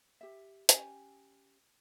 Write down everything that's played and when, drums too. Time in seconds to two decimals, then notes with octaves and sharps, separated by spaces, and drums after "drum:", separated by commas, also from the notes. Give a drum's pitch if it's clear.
0.21 G4 E5
0.69 C#4 G4 G#5, drum: hi-hat